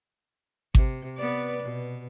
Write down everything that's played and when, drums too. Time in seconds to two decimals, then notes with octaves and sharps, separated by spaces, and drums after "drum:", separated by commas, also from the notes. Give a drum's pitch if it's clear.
0.75 C3, drum: kick G#1
1.17 B3 B4 D5
1.63 B2